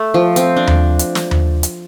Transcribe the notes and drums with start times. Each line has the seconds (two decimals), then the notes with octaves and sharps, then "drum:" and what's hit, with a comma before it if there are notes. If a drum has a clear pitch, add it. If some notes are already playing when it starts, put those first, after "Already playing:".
Already playing: A3
0.14 F3
0.36 C4, drum: hi-hat
0.56 D4
0.67 drum: tom D#2
0.99 drum: hi-hat
1.15 drum: snare
1.31 drum: tom D#2
1.63 drum: hi-hat